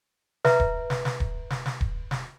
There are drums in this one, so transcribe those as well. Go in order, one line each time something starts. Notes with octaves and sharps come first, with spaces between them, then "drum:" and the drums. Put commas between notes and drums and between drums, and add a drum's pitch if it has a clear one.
B4 E5 A#5, drum: snare
drum: kick D#1
drum: snare
drum: snare
drum: kick D#1
drum: snare
drum: snare
drum: kick D#1
drum: snare